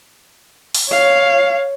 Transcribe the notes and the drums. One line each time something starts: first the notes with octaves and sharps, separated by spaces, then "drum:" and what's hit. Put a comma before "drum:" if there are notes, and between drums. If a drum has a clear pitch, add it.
drum: open hi-hat
C#5 F5